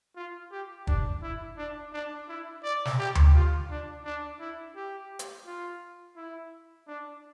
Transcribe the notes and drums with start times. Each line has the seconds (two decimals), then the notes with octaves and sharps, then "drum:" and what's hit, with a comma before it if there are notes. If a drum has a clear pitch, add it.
0.16 F4
0.51 G4
0.87 D4, drum: kick
1.22 E4
1.58 D4
1.93 D4
2.29 E4
2.63 D5
2.85 drum: snare
2.99 G4
3.15 drum: tom D2
3.34 F4
3.70 D4
4.05 D4
4.40 E4
4.76 G4
5.19 drum: hi-hat
5.47 F4
6.16 E4
6.88 D4